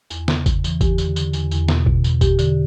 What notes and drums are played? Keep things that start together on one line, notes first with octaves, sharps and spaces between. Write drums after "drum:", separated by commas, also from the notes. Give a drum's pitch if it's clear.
E2, drum: tambourine
C#3, drum: snare
E2, drum: kick G1, tambourine
E3, drum: tambourine
E2 G4, drum: kick G1, tambourine
D3, drum: tambourine
D3, drum: tambourine
E2, drum: tambourine
E2, drum: tambourine
B2, drum: snare
B2, drum: kick G1
E2, drum: tambourine
E2 G4, drum: kick G1, tambourine
D3, drum: tambourine